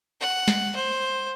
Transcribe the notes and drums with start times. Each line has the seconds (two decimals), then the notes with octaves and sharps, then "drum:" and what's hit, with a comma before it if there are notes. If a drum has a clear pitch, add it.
0.20 F#5
0.48 drum: snare
0.75 C5